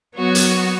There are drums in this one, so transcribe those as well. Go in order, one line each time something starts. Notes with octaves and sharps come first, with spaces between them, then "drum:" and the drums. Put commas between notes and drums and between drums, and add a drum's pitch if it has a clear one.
F#3 B3 F#4 C#5
drum: hi-hat